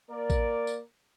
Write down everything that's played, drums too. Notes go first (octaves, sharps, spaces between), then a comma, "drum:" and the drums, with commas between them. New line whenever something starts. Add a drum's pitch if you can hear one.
A#3 A#4 D5
drum: kick A1, tambourine
drum: tambourine